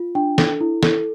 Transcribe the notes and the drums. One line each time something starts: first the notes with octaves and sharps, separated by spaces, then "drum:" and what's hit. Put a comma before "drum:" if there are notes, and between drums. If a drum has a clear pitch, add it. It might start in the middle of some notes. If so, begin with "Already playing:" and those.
Already playing: F4
D4 G5
A4, drum: snare
E4
A4, drum: snare